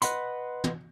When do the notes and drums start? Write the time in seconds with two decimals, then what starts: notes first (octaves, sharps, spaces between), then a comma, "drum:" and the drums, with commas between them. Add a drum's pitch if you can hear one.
0.02 B4 D#5 F#5 B5 C6, drum: hi-hat
0.64 drum: tom